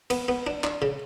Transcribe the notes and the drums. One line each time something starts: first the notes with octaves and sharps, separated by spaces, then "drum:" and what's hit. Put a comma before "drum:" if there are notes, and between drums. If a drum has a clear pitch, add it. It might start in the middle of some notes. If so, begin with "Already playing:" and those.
B3, drum: cymbal
B3
D4
D4, drum: clap
C#3